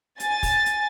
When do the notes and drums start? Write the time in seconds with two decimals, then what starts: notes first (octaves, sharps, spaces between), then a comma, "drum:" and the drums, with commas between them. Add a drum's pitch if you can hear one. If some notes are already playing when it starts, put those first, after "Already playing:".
0.20 G#5 A6, drum: hi-hat
0.43 drum: kick, open hi-hat
0.66 drum: hi-hat